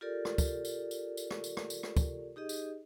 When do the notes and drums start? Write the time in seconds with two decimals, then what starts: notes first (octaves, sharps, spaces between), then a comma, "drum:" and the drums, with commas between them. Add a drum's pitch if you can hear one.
0.01 F4 G4 A4 A#4 D5
0.25 drum: rim click
0.38 drum: kick, tambourine
0.65 drum: tambourine
0.91 drum: tambourine
1.17 drum: tambourine
1.31 drum: rim click
1.44 drum: tambourine
1.57 drum: rim click
1.70 drum: tambourine
1.83 drum: rim click
1.96 drum: kick, tambourine
2.36 D#4 G4 G#4 D#5
2.49 drum: tambourine